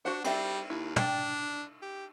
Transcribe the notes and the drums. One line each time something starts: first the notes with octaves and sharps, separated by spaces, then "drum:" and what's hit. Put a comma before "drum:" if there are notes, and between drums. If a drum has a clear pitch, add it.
D4 F#4 C5 F#5
G3 C4 D5 E5, drum: cymbal
D#2 E4
D4 D5 G5, drum: tom
G4